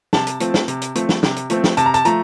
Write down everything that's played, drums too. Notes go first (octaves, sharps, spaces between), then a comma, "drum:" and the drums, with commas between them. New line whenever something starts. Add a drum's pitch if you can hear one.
C3 A5, drum: snare
drum: hi-hat
F3 A3 C4, drum: hi-hat
drum: snare
C3, drum: hi-hat
drum: hi-hat
F3 A3 C4, drum: hi-hat
drum: snare
C3, drum: snare
drum: hi-hat
F3 A3 C4, drum: hi-hat
drum: snare
C3 A5, drum: hi-hat
A#5
A5, drum: hi-hat
F3 A3 A#5, drum: hi-hat